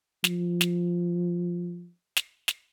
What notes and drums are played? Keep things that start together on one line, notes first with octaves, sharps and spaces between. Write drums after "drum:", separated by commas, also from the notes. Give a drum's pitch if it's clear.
F3, drum: snare
drum: snare
drum: snare
drum: snare